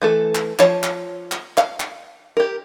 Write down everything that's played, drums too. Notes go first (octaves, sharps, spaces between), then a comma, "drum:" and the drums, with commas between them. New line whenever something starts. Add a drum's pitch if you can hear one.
E3 A3 A4
drum: clap
F3 C#5 A5, drum: clap
drum: clap
drum: clap
F5, drum: clap
drum: clap
G4 A#4